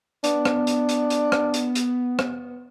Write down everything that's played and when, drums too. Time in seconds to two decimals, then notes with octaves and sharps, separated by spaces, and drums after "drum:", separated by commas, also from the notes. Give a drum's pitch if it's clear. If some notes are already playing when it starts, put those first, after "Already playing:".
0.24 B3 D4, drum: hi-hat
0.45 drum: rim click
0.67 drum: hi-hat
0.89 drum: hi-hat
1.10 drum: hi-hat
1.32 drum: rim click
1.54 drum: hi-hat
1.75 drum: hi-hat
2.19 drum: rim click